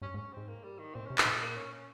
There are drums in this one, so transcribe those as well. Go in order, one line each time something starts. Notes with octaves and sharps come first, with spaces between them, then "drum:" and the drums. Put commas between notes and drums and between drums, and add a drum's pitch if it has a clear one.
G2 C#4
G#2
C#4
G#2 C4
A#3
G3
D#3
A#2 C4
C3 C#4
D#4, drum: clap
A#2
A#3
C#4
C#4